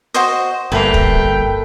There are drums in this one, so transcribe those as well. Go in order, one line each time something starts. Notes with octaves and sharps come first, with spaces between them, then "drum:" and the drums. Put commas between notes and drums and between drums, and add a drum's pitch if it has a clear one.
F#4 C5 D#5
G1 A#2 A3 A#3 B4 G5
drum: kick